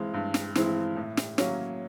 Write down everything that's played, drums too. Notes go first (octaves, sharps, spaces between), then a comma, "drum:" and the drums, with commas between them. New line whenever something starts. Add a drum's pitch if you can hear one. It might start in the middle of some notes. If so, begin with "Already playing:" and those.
Already playing: G2 E3 G#3 C4 E4
G2
drum: snare
E3 G#3 C4 E4, drum: snare
A2
drum: snare
F#3 A#3 C#4, drum: snare